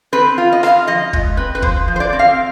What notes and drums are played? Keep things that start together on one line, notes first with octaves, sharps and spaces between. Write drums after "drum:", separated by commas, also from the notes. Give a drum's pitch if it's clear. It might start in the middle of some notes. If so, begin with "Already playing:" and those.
C4 B4
F4
D#5
F4 F5, drum: rim click
F3 D#5
G#3, drum: kick
C4 B4
B4
F3 C5, drum: kick
F3
C5
D5
C4
F5